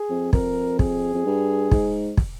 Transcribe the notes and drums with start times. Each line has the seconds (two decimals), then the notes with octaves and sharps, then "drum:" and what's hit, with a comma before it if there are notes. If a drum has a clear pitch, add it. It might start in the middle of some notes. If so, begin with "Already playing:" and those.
Already playing: G#4
0.10 F2
0.33 F2 A#4, drum: kick
0.79 G#4, drum: kick
1.14 F2
1.25 G2
1.71 G#2, drum: kick
2.17 drum: kick